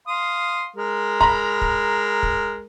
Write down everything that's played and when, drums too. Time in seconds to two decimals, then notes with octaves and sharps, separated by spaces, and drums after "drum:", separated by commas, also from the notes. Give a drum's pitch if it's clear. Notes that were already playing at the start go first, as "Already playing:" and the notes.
0.07 F5 C6 D#6
0.76 G#3 A#4
1.21 A#5 B5, drum: kick
1.61 drum: kick
2.23 drum: kick